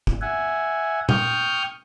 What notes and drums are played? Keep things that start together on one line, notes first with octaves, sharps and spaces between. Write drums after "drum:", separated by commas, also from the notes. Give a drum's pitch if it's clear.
drum: kick
E5 F#5 G#5
G5 C#6 D#6 F6 G6, drum: tom A#2